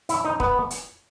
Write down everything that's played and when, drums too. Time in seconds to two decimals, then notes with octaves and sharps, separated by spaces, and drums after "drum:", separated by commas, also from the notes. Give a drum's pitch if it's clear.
0.09 E4, drum: hi-hat
0.25 D#4
0.40 B3, drum: kick
0.71 drum: hi-hat